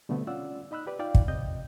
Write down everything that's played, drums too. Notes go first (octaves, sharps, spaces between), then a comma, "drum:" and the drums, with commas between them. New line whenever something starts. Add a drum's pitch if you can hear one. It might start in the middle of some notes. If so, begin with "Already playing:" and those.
B2 D3 G3 A3 B3 C4
C#4 F4 D5 F#5 E6
D#4 D#5 B5 E6 F#6
G4 B4 D5
D#4 F4 D5 F5 G5
drum: kick
C3 D#5 G6